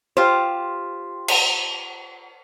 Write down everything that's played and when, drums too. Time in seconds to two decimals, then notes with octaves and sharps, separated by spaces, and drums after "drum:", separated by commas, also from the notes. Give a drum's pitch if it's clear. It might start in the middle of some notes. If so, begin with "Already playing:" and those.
0.17 F4 G4 C5
1.28 drum: cymbal